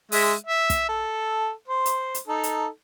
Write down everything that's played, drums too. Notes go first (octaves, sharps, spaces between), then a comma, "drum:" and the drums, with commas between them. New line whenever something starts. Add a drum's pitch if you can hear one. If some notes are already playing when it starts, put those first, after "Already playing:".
G#3 E5, drum: open hi-hat
E5
drum: kick, hi-hat
A4
C5
drum: hi-hat
drum: hi-hat
D#4 A4
drum: hi-hat